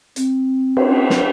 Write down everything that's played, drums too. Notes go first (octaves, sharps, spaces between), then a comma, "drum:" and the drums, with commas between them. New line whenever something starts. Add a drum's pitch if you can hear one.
C4, drum: hi-hat
drum: cymbal
drum: snare